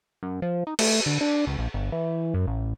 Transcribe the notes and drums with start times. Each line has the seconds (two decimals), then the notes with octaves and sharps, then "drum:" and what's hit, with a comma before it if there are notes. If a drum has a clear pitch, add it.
0.23 F#2
0.42 F3
0.67 D#4
0.79 A3, drum: cymbal
1.06 D3
1.21 D4
1.47 C#2
1.59 A#1
1.74 G1
1.92 E3
2.34 F#2
2.47 A1